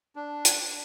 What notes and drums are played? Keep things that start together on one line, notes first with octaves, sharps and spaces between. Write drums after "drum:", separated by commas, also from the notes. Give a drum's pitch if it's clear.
D4
drum: hi-hat